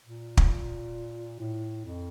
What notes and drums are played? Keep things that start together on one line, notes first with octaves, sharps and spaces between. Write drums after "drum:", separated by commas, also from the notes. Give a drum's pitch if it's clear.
A#2
drum: kick
A2
F2